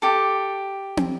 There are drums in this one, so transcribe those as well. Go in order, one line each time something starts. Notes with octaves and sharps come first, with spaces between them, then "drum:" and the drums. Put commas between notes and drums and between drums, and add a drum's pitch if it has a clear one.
G4 A4
drum: tom